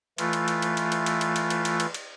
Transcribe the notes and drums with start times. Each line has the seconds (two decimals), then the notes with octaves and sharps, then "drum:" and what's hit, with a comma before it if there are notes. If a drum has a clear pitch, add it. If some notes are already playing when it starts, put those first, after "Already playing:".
0.18 E3 A3 F4, drum: cymbal
0.33 drum: cymbal
0.48 drum: cymbal
0.62 drum: cymbal
0.77 drum: cymbal
0.92 drum: cymbal
1.06 drum: cymbal
1.21 drum: cymbal
1.36 drum: cymbal
1.50 drum: cymbal
1.65 drum: cymbal
1.80 drum: cymbal
1.94 drum: cymbal